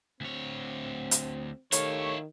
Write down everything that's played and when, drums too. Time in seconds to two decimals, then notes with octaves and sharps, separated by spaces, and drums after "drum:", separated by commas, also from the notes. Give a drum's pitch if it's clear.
0.21 D2 C4 C#5
1.11 drum: hi-hat
1.72 D#3 A3 E4 G4 C#5 F5, drum: hi-hat